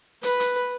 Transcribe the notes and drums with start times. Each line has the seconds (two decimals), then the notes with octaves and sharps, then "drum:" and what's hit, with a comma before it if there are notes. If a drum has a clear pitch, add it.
0.23 B4, drum: hi-hat
0.40 drum: hi-hat